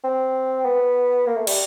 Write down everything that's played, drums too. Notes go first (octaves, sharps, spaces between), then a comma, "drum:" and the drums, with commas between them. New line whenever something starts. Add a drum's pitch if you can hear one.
C4
B3
A#3
A3
G3, drum: cymbal